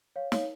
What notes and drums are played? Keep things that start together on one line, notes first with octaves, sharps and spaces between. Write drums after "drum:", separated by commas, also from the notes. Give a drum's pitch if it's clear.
C#5 F5
C#5 F5, drum: snare